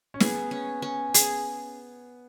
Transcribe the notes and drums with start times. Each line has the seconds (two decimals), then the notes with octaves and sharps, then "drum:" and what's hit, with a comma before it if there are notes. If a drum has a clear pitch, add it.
0.14 C#4
0.20 B3 G#4, drum: snare
0.51 C#4
0.82 C#4
1.14 G#4, drum: hi-hat